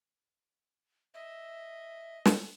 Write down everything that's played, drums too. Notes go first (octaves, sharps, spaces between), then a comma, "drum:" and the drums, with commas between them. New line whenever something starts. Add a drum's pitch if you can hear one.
D#5 E5
drum: snare